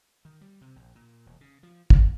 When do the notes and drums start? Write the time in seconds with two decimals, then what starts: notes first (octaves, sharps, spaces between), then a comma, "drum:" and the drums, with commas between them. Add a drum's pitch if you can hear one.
0.25 D#3
0.41 G3
0.61 C3
0.76 A#1
0.95 A#2
1.26 E1
1.41 C#3
1.63 F3
1.90 A#3, drum: kick